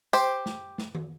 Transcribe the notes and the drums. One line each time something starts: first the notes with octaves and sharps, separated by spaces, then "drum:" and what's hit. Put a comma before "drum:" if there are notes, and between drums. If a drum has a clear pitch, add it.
G4 C5, drum: tambourine
drum: snare
drum: snare
drum: tom D#3